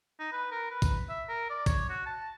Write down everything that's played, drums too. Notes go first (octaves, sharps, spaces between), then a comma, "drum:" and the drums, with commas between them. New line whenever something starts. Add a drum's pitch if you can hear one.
D#4
B4
A#4
B4
drum: kick A1, tambourine
E5
A#4
D5
C#5, drum: kick A1, tambourine
F#4
A5